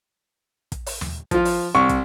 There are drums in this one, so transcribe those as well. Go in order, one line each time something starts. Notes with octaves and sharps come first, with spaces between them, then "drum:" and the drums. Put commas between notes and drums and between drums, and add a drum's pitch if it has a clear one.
drum: kick, hi-hat
drum: open hi-hat
drum: tom D#2
F3 F4, drum: kick, hi-hat
drum: open hi-hat
C2 C#6
drum: kick, hi-hat